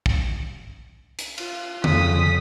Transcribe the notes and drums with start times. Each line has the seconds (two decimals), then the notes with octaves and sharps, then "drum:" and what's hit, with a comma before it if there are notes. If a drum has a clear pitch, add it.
0.06 drum: kick
1.19 drum: hi-hat
1.38 F4, drum: cymbal
1.84 F2 C#3 D#6 B6, drum: tom